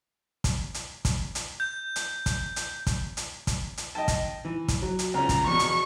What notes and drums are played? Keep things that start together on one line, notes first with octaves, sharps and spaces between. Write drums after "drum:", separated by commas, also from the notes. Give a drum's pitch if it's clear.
drum: kick, hi-hat
drum: hi-hat
drum: kick, hi-hat
drum: hi-hat
G6
drum: hi-hat
drum: kick, hi-hat
drum: hi-hat
drum: kick, hi-hat
drum: hi-hat
drum: kick, hi-hat
drum: hi-hat
D#5 G5 A5
drum: kick, hi-hat
E3
drum: kick, hi-hat
F#3
drum: hi-hat
C#2 C#4 A#5
drum: kick, hi-hat
E2 B2 C#6
drum: hi-hat